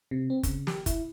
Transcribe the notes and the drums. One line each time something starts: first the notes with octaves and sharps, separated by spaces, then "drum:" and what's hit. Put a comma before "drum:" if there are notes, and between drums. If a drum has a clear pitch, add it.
C3
C4
C#3, drum: kick F#1, hi-hat
G4, drum: snare
E4, drum: kick F#1, hi-hat